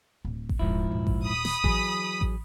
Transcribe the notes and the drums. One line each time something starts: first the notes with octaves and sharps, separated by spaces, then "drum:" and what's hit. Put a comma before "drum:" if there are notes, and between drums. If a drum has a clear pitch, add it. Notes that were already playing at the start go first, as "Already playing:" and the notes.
D1
drum: kick A1
D#1 G#2 F3 E4
D#1
drum: kick A1
B5 D#6
drum: snare
E3 F#3 G#4, drum: kick A1
drum: kick A1